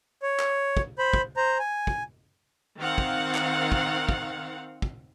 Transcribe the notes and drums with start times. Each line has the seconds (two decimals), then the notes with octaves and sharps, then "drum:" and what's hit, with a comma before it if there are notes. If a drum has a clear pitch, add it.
0.22 C#5
0.40 drum: clap
0.77 drum: kick
0.98 C5 B5
1.13 drum: kick
1.37 C5 A#5
1.59 G#5
1.87 drum: kick
2.79 D#3 C4 F5 F#5
2.98 drum: kick
3.35 drum: clap
3.72 drum: kick
4.09 drum: kick
4.82 drum: kick